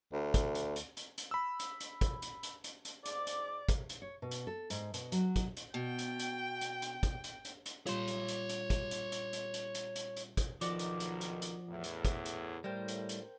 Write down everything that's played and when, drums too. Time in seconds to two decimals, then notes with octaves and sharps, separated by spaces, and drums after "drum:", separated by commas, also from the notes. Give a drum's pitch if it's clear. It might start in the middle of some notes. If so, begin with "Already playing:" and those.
0.13 D2
0.34 drum: kick, hi-hat
0.55 drum: hi-hat
0.76 drum: hi-hat
0.97 drum: hi-hat
1.18 drum: hi-hat
1.31 B5 E6
1.60 drum: hi-hat
1.80 drum: hi-hat
2.01 drum: kick, hi-hat
2.22 drum: hi-hat
2.43 drum: hi-hat
2.64 drum: hi-hat
2.85 drum: hi-hat
3.05 G#2 D5 D6, drum: hi-hat
3.27 drum: hi-hat
3.69 drum: kick, hi-hat
3.89 drum: hi-hat
4.02 C#5
4.22 B2
4.31 drum: hi-hat
4.47 A4
4.70 G#2, drum: hi-hat
4.94 B2, drum: hi-hat
5.12 F#3, drum: hi-hat
5.36 drum: kick, hi-hat
5.57 drum: hi-hat
5.74 B2 G5
5.98 drum: hi-hat
6.19 drum: hi-hat
6.61 drum: hi-hat
6.82 drum: hi-hat
7.03 drum: kick, hi-hat
7.24 drum: hi-hat
7.45 drum: hi-hat
7.66 drum: hi-hat
7.87 A#2 G3 F4 C#5 C6, drum: hi-hat
8.07 drum: hi-hat
8.28 drum: hi-hat
8.49 drum: hi-hat
8.70 drum: kick, hi-hat
8.91 drum: hi-hat
9.12 drum: hi-hat
9.33 drum: hi-hat
9.54 drum: hi-hat
9.75 drum: hi-hat
9.96 drum: hi-hat
10.16 drum: hi-hat
10.37 drum: kick, hi-hat
10.61 B1 D#3 F3 F#4 D5, drum: hi-hat
10.79 drum: hi-hat
11.00 drum: hi-hat
11.21 drum: hi-hat
11.42 drum: hi-hat
11.69 E2 A2
11.84 drum: hi-hat
12.05 drum: kick, hi-hat
12.25 drum: hi-hat
12.64 A2 G3 A#4 C5 G5
12.88 drum: hi-hat
13.09 drum: hi-hat